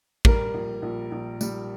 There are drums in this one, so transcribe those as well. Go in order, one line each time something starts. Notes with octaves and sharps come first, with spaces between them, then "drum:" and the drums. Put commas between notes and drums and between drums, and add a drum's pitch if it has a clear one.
G3 A#4, drum: kick
A#1
A#1
A#1
G3, drum: tambourine